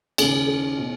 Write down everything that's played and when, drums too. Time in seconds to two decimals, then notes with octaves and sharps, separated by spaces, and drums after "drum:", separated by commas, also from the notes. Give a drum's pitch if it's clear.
0.18 D#2 C#3 G#4, drum: cymbal
0.33 G#4
0.47 G#4
0.78 B2